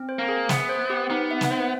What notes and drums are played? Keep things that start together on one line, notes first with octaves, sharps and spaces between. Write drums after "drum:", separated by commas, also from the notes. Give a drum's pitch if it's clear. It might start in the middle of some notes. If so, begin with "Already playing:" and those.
Already playing: C4
C5
A#3
G#4
B3 E5, drum: snare
C5
G4
B3 D#4
E5
drum: snare
C5